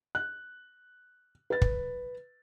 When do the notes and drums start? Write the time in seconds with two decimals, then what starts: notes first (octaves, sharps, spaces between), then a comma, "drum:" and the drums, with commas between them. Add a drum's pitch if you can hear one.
0.15 F#6
1.50 B4 A6
1.62 drum: kick